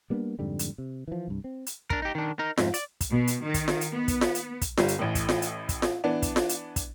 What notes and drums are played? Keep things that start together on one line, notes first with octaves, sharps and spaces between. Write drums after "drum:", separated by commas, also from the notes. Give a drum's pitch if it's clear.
G3 A#3 B3 D4
F2 G#2 D3 G3
drum: hi-hat
C3
E3 F3
C2 G2
C4
drum: hi-hat
D4 A#4, drum: kick
D#4 G4
D#3 D4
D#4 A#4
F2 G#2, drum: snare F4
D5, drum: hi-hat
drum: kick, hi-hat
B2
drum: hi-hat
D#3
drum: kick, hi-hat
drum: snare F4
drum: hi-hat
B3
drum: kick, hi-hat
drum: snare F4
drum: hi-hat
drum: kick, hi-hat
G1 G3, drum: snare F4
drum: hi-hat
A1 A2
drum: kick, hi-hat
drum: snare F4
drum: hi-hat
drum: kick, hi-hat
drum: snare F4
E3 B3 D4
drum: kick, hi-hat
drum: snare F4
drum: hi-hat
drum: kick, hi-hat